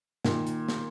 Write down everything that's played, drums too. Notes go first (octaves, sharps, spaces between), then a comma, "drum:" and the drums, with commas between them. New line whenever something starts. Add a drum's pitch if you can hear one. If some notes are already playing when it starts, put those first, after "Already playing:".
A#2 D#3, drum: snare
drum: hi-hat
drum: snare